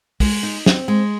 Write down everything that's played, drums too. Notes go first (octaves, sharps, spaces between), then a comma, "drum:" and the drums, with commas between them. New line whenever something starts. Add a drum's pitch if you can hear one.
G#3, drum: kick, open hi-hat
D#4
C4, drum: snare
G#3